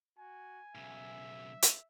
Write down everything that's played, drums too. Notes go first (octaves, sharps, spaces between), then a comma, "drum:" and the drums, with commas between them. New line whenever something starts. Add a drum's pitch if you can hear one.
F#4 G#5
B1 C#3 E5
drum: hi-hat